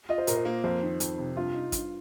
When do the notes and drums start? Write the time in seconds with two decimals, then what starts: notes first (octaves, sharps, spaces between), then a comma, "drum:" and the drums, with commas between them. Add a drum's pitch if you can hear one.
0.09 F4 D#5
0.18 C5
0.27 A#2 A#4, drum: hi-hat
0.36 C5
0.45 A#3
0.64 F2 C5
0.82 D#3
1.00 F2, drum: hi-hat
1.18 C3
1.36 G2 F4
1.55 D#4
1.72 G2, drum: kick, hi-hat